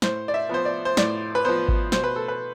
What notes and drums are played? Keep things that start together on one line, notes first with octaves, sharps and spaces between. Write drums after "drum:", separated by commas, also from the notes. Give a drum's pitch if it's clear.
A2 C5, drum: snare
D5
E5
F3 B3 C5
D5
C5
A2 D5, drum: snare
B4
F3 B3 C5
drum: kick G#1
B2 C5, drum: snare
B4
A4
B4